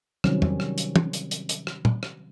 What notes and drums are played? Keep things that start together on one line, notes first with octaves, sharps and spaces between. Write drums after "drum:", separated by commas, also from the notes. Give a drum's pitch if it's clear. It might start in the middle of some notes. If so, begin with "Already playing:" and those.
C3 D#3 F#3 G3 C4 C#4, drum: rim click
drum: tom
drum: rim click
drum: hi-hat
drum: tom
drum: hi-hat
drum: hi-hat
drum: hi-hat
drum: rim click
drum: tom A#2
drum: rim click